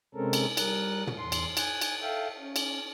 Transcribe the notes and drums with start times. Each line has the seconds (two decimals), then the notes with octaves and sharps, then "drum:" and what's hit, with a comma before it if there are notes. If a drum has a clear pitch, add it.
0.15 C3 G#3 C4 C#4 A4 A#4
0.33 drum: cymbal
0.57 G3 A#4 F#6, drum: cymbal
1.07 drum: tom
1.17 E2 C6
1.32 drum: cymbal
1.57 G#5 F#6, drum: cymbal
1.81 drum: cymbal
2.02 A4 E5 F5 G5
2.39 C#4
2.56 drum: cymbal